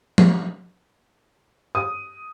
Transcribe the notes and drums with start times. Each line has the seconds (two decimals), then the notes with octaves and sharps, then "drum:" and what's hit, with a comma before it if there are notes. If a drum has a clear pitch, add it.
0.18 drum: tom F3
1.75 D#6